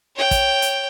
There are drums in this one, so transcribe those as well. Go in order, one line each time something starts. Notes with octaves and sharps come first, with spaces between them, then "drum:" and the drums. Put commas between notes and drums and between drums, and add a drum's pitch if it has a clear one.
C#5 G5
drum: kick, hi-hat
drum: hi-hat